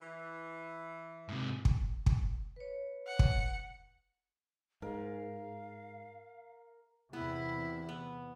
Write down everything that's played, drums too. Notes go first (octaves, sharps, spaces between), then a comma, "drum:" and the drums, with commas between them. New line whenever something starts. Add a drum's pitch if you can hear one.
E3
G#2 C3
drum: kick
drum: kick
B4 C#5
F#5
drum: kick
G#2 A#4 F5
E2 C3 B3 E4
B3